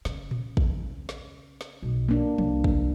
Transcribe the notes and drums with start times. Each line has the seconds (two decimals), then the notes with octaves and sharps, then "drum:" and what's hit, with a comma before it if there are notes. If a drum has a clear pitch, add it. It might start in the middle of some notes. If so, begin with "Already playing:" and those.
0.05 C#3, drum: snare
0.31 drum: tom A#2
0.57 drum: kick
1.09 drum: snare
1.61 drum: snare
1.83 B1
2.09 A#3 D4
2.38 C2, drum: tom F3
2.64 drum: kick